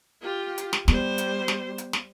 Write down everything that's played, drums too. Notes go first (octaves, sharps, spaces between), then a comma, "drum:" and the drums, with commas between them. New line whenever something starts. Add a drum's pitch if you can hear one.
F4 G4
drum: hi-hat
drum: snare
G3 B3 C5, drum: snare
drum: hi-hat
drum: snare
drum: hi-hat
drum: snare